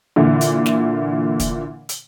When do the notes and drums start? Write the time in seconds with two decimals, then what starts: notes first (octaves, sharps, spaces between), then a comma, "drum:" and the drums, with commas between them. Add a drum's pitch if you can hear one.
0.16 A#2 D3 E3
0.41 drum: hi-hat
0.66 drum: snare
1.40 drum: kick, hi-hat
1.89 drum: hi-hat